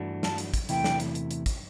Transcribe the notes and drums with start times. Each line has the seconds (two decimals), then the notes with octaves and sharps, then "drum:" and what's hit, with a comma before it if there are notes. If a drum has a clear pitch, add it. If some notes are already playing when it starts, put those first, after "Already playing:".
Already playing: G2 E3 A3 D4 F#4
0.23 A5, drum: snare
0.38 drum: hi-hat
0.54 drum: kick, hi-hat
0.69 E2 C3 E3 A3 E4 G5, drum: hi-hat
0.84 drum: snare
1.00 drum: hi-hat
1.15 drum: hi-hat
1.31 drum: hi-hat
1.46 drum: kick, hi-hat